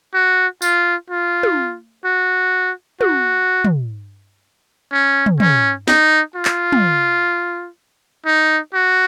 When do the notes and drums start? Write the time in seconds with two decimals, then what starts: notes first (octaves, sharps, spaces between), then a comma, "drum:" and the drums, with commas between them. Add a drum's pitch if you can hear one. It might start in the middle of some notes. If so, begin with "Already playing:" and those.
0.14 F#4
0.62 F4, drum: tambourine
1.10 F4
1.43 drum: tom
2.05 F#4
3.01 F#4, drum: tom
3.65 drum: tom
4.92 C#4
5.26 drum: tom
5.40 C#4, drum: tom
5.88 D#4, drum: snare
6.35 F4
6.45 drum: clap
6.72 drum: tom
8.26 D#4
8.74 F#4